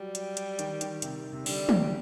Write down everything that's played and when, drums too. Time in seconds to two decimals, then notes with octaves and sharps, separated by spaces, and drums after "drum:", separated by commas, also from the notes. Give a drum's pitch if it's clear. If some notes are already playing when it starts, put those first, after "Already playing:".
Already playing: F#3 G3
0.15 drum: hi-hat
0.37 drum: hi-hat
0.59 D#3, drum: hi-hat
0.81 D#3, drum: hi-hat
1.02 C3, drum: hi-hat
1.33 C3
1.46 D3 G3, drum: open hi-hat
1.69 drum: tom